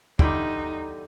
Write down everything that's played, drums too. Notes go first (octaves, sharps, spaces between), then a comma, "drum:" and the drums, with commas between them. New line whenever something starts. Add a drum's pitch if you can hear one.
E2 D3 G3 D#4, drum: kick